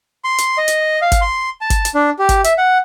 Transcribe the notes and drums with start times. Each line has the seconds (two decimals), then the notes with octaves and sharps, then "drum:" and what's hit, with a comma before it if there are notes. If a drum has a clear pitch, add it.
0.24 C6
0.38 drum: hi-hat
0.58 D#5
0.68 drum: hi-hat
1.02 F5
1.12 drum: kick G#1, hi-hat
1.21 C6
1.61 A5
1.70 drum: kick G#1, hi-hat
1.85 drum: hi-hat
1.95 D4
2.19 G4
2.29 drum: kick G#1, hi-hat
2.44 E5, drum: hi-hat
2.58 F#5